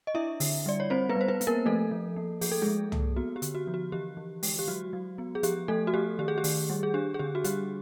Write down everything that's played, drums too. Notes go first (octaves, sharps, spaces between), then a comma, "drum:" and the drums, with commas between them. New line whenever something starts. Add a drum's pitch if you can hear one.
D#5
D4 E4 E5
D3, drum: open hi-hat
G3 D5
C#5
G3 C4 C5
B3 B4
G3
C5
B3 B4
B3, drum: hi-hat
A#3 A#4
F3 A3 A4
F3
A#3
F3 G#4, drum: open hi-hat
A4
F3 G#3 G#4
A#3, drum: tom
B3 F#4
G4
D3, drum: hi-hat
F#4
F3
F#4
E3 G4
E3
G#3, drum: open hi-hat
G4
F#3 F#4
F#3
B3
G#4
F3 G4, drum: hi-hat
F3 A3 A4
F#4
A3 G4
D#3 G4
G#4
G4
D#3, drum: open hi-hat
G3
G#4
D4 G4
G#4
D3 G4
F#4
G3 G4, drum: hi-hat